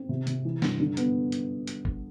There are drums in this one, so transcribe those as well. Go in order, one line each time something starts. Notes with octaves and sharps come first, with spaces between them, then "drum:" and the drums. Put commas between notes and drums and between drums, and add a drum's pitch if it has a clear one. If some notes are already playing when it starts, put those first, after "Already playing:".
Already playing: C4
C3
C3, drum: hi-hat
E3
G2, drum: snare
D3
B3, drum: hi-hat
drum: hi-hat
drum: hi-hat
drum: kick A1